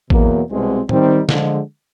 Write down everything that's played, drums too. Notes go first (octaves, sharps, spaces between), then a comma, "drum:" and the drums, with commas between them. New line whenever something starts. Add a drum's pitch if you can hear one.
E2 B2 F#3 A#3, drum: kick A1
C2 B2 G#3 C4
D#3 G3 C4 D#4, drum: tom
D3 F3 G#3, drum: snare